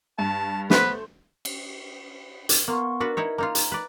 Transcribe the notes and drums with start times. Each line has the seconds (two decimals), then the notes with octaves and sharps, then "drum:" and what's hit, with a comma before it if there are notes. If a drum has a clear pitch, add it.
0.19 G2 A5
0.70 A3 B3 B4 C5, drum: snare
1.45 drum: cymbal
2.49 drum: hi-hat
2.68 A#3 B3 C6 C#6
3.00 D4 F#4 A#4 B4
3.17 D#4 E4 C#5
3.38 A#3 D#4 F4 A#5
3.55 drum: hi-hat
3.72 B4 D5